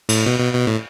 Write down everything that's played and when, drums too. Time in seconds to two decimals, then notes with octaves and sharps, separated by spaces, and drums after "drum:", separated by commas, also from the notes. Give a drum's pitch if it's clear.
0.09 A2, drum: cymbal
0.26 B2
0.40 B2
0.53 B2
0.67 A2